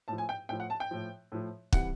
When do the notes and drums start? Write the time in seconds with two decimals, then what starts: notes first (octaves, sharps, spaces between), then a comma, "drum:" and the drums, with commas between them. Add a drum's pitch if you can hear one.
0.08 A2 F3 A5
0.18 G#5
0.29 G5
0.49 A2 F3 G5
0.60 F#5
0.70 A5
0.80 G5
0.91 A2 F3
1.32 A2 F3
1.73 C3 E3 G3 F#5, drum: kick